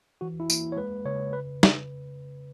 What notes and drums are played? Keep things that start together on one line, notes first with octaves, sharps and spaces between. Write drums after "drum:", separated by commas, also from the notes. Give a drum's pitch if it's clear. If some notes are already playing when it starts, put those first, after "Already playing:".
E3 F#4
E4
A#3, drum: tambourine
C#5
G#3 B4
C#3 C#5
B4
drum: snare